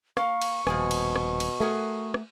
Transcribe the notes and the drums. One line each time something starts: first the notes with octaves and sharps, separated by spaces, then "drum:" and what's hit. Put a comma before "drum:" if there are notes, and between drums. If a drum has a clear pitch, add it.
A#3 F5 C#6, drum: rim click
drum: cymbal
D#1 B2 F3 G#4 G#5, drum: rim click
drum: cymbal
drum: rim click
drum: cymbal
A3 F#4 G#4 A#4
drum: rim click